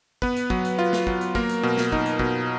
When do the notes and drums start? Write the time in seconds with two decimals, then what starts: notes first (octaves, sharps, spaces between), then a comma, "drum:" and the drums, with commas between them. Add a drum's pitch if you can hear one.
0.22 B3 B4, drum: kick
0.37 drum: hi-hat
0.50 F#3, drum: kick
0.65 drum: hi-hat
0.79 F4
0.93 drum: snare
1.07 F#3, drum: kick
1.21 drum: hi-hat
1.35 A#3 A#4, drum: kick
1.49 drum: hi-hat
1.63 B2
1.78 drum: snare
1.92 D#4, drum: kick
2.06 drum: hi-hat
2.19 B2, drum: kick